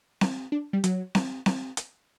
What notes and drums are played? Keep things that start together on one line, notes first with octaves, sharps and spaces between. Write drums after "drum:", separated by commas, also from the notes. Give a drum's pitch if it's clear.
drum: snare C4
D4
G3
F#3, drum: hi-hat
drum: snare C4
drum: snare C4
drum: hi-hat